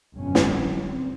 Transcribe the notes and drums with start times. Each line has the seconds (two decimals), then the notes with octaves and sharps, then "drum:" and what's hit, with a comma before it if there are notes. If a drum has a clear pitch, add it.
0.15 G1 F2 B2 F#3 C#4
0.35 drum: snare
0.81 C4